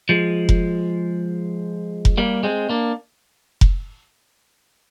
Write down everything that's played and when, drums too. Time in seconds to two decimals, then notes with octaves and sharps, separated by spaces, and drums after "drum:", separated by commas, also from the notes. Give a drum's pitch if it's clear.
0.09 F3 G#3
0.49 drum: kick F1
2.05 drum: kick F1
2.18 G3 A#3
2.43 G#3 C4
2.69 A#3 D4
3.61 drum: kick F1